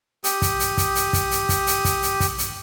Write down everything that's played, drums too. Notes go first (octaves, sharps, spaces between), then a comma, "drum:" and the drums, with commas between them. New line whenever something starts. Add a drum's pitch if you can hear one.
G4 D#6, drum: hi-hat
drum: kick, hi-hat
drum: hi-hat
drum: kick, hi-hat
drum: hi-hat
drum: kick, hi-hat
drum: hi-hat
drum: kick, hi-hat
drum: hi-hat
drum: kick, hi-hat
drum: hi-hat
drum: kick, hi-hat
drum: hi-hat